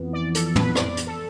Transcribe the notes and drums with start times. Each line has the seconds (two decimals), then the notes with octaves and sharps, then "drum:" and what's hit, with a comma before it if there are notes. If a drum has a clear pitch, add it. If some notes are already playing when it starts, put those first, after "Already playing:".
Already playing: F2 E3 B3
0.13 D5
0.35 A4, drum: hi-hat
0.46 A4
0.56 B4, drum: tom
0.75 D5, drum: rim click
0.97 drum: hi-hat
1.07 A4